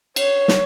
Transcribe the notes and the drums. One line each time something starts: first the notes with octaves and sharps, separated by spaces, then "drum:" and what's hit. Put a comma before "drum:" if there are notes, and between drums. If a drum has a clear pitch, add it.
C#5, drum: cymbal
drum: snare